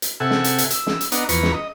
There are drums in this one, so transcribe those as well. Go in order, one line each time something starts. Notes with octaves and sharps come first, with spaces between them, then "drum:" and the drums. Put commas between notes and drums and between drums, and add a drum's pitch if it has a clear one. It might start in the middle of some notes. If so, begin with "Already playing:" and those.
drum: hi-hat
C3 A4 E5 F#5 G#5
drum: snare
drum: hi-hat
drum: hi-hat
E6, drum: hi-hat
drum: snare
drum: hi-hat
B3 D4 D#5 F#5 A#5, drum: hi-hat
E2 F3 B4 A#5 C#6, drum: hi-hat
drum: snare
D#5